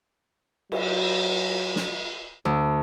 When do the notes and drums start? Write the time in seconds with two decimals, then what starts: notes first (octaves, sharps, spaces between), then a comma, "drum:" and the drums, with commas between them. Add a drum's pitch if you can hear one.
0.72 F#3, drum: cymbal
1.76 drum: snare
2.45 D2